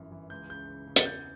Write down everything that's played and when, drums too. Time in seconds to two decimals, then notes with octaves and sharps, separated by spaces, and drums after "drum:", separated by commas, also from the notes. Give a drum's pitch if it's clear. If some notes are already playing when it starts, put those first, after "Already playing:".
Already playing: G1 F#2 E3
0.12 E3
0.30 C#2 G6
0.49 C#3 G6
0.68 C#3
0.87 C#3
0.96 A6, drum: hi-hat
1.05 E2 G6